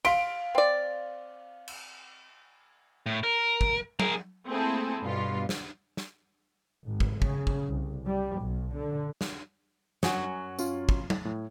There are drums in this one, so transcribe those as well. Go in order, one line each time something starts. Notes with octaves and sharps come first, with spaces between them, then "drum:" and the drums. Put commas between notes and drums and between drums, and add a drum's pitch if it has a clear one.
F5 C6 B6 D7, drum: cymbal
C4 D5
drum: cymbal
A2
A#4
drum: kick
G#4 A#4, drum: tom F#3
A3 A#3 C4 E4 G#4 A4
G2 B2 F4
drum: snare
drum: snare
G#1
drum: kick
C#3, drum: kick
drum: kick
C2
G3
B1
D3
drum: snare
F#2 F#3 F#5 G#5 D#6, drum: snare
C#4 F4, drum: tambourine
drum: kick
drum: tom F#3
A2